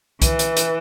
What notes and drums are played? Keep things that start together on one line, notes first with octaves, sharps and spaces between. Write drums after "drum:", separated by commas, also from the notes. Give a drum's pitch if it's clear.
E3, drum: kick C2, hi-hat
drum: hi-hat
drum: hi-hat